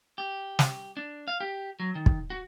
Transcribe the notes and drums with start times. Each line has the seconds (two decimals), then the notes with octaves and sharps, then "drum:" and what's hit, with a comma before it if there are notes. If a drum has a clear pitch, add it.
0.18 G4
0.59 drum: snare
0.97 D4
1.28 F5
1.40 G4
1.80 F#3
1.95 D#3
2.06 drum: kick
2.30 F#4